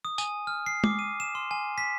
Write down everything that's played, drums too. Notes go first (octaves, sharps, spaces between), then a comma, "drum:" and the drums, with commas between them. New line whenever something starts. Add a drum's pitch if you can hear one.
D#6
G#5, drum: tambourine
F6
C7
D6, drum: tom G#3
D#7
E7
C6
G#5
B6